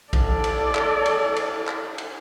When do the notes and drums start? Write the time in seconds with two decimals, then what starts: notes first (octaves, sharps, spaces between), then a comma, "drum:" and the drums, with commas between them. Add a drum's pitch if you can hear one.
0.13 A4 D5, drum: kick, cymbal
0.44 drum: cymbal
0.75 drum: clap
1.06 drum: cymbal
1.36 drum: cymbal
1.67 drum: clap
1.98 drum: cymbal